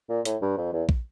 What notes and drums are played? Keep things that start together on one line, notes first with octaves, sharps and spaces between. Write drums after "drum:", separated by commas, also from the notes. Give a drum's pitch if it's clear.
A#2
A2, drum: hi-hat
G2
F2
E2
drum: kick A#1